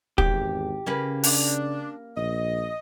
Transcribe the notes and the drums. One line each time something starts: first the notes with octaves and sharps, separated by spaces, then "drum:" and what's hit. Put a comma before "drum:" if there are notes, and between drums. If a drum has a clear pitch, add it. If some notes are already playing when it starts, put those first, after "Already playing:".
G#1 E2 G4, drum: kick
C#3 A#3 C#4 B4
D4, drum: open hi-hat
A#1 D#5